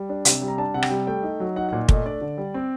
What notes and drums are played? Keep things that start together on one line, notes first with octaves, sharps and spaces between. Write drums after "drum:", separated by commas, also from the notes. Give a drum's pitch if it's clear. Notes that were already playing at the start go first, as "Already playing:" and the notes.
Already playing: G3
D4
C3, drum: hi-hat
G3
A#5
D4 A5
C3 F#5
G5, drum: rim click
G3
A3 G5
D#4
F#3
D#4 F#5
F#5
A#2
A3 D#5, drum: kick
D4 D5
D3
G3
C4